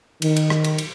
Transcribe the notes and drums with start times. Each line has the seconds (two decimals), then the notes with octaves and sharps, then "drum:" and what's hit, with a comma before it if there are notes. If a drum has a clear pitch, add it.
0.22 D#3, drum: cymbal
0.36 drum: cymbal
0.50 drum: rim click
0.64 drum: cymbal
0.78 drum: cymbal